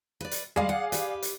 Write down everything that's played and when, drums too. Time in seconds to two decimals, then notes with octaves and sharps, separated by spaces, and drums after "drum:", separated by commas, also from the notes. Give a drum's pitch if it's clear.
0.21 B4 D5
0.31 drum: hi-hat
0.56 G3 G#3 G#4 D5 F5
0.69 F#5
0.92 G4 B4, drum: hi-hat
1.22 drum: hi-hat